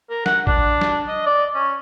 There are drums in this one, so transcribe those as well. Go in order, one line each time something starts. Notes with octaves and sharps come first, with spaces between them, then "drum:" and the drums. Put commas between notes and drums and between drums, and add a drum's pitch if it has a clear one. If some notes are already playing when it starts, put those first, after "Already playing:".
A#4
F#5, drum: snare
D4, drum: kick
drum: snare
D#5
D5
C#4